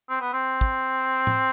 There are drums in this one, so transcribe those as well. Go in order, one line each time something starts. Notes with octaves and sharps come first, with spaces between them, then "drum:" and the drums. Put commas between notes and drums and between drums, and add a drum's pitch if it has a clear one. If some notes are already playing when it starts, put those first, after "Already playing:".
C4
B3
C4
drum: kick
drum: tom A2